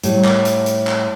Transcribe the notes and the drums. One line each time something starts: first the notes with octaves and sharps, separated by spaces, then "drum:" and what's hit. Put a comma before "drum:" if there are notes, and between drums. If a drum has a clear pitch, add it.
A2 G3, drum: hi-hat
drum: clap
drum: hi-hat
drum: hi-hat
drum: clap